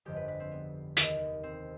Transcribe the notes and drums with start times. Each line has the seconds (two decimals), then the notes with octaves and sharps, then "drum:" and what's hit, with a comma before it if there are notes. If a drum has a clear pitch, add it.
0.05 G1 F2 D3 F3 G#3 G4
0.16 B4
0.28 B4
0.40 C4
0.52 B3
0.97 F1 D#2 D#3, drum: hi-hat
1.43 C4